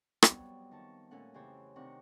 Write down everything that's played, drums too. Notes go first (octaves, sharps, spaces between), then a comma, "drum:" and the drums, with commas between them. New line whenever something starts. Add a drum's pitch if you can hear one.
F2 F#3 G3 B3 C#5, drum: rim click
D#3 F3 A5 C#6
A#2 A3 C#4 A4 F#5
F2 C#3 E3 G4 C5 C#5
C3 D#3 D4 F#5 C#6